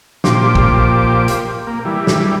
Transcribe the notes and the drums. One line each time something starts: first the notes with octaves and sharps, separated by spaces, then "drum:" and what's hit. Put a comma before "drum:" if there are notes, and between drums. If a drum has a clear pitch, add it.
A#2 F3 G4 C5 D6, drum: snare
drum: kick
drum: hi-hat
A#3
E3 G3
drum: snare